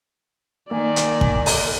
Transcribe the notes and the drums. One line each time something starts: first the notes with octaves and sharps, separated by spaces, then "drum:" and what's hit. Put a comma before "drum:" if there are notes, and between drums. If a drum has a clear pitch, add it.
D#3 A#3 D5 G#5
drum: hi-hat
drum: kick
drum: open hi-hat